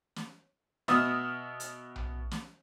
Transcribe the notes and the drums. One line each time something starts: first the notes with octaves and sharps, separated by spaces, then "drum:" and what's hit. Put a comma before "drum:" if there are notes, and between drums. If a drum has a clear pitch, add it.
drum: snare
B2 B3 E5 D#6 F6, drum: snare
drum: hi-hat
drum: tom B1
drum: snare